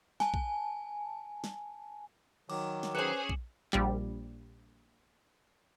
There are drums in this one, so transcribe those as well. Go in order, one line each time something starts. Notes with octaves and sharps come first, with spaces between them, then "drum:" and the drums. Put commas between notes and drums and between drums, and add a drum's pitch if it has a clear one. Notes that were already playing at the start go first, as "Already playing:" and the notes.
G#5 A5, drum: snare
drum: kick A#1
drum: snare
D#3 F#3 D6, drum: cymbal
drum: snare
C#4 G#4 B4 C5 C#7 E7 F#7
drum: kick A#1
A#1 G3, drum: clap